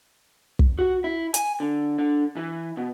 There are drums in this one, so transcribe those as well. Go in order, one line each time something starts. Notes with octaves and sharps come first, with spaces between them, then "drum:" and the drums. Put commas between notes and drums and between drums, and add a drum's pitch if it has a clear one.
drum: kick
F#4
E4
G#5, drum: hi-hat
D3
D3
E3
B2